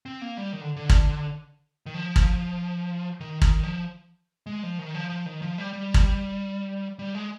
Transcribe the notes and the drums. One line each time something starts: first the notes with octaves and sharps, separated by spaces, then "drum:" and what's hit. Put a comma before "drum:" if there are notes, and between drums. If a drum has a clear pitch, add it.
C4
A#3
G3
D#3
D3
D3
drum: kick
D#3
F3
drum: kick
D#3
D#3, drum: kick
F3
G#3
F3
D#3
F3
F3
D#3
F3
G3
G3
drum: kick
G3
G#3